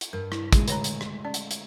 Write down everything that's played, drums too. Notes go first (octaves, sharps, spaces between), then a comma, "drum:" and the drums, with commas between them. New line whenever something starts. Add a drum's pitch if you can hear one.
drum: hi-hat
G2 A#4
E4, drum: rim click
G#3 A3, drum: kick, hi-hat
D3 C#5 A#5, drum: hi-hat
drum: hi-hat
drum: rim click
C#4 D5
drum: hi-hat
drum: hi-hat